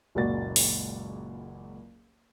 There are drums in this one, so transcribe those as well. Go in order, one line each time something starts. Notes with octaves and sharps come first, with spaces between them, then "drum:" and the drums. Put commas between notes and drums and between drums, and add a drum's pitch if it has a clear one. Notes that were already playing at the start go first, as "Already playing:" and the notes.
F#1 C#2 A#2 F#4 D5 A6
drum: open hi-hat